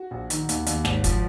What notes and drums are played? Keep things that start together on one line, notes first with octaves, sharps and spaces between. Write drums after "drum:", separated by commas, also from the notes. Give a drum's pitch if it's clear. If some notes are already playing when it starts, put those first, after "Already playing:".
Already playing: F#4
A#1
D#3, drum: hi-hat
D#2, drum: hi-hat
D#2, drum: hi-hat
G#1, drum: snare
F3, drum: kick, hi-hat